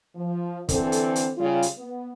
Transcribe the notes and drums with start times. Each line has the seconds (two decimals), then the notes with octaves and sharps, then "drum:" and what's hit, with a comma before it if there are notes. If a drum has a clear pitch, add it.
0.16 F3
0.69 D3 E3 C4 A4, drum: kick, hi-hat
0.92 drum: hi-hat
1.16 drum: hi-hat
1.38 C#3 G3 F4
1.62 drum: hi-hat
1.78 B3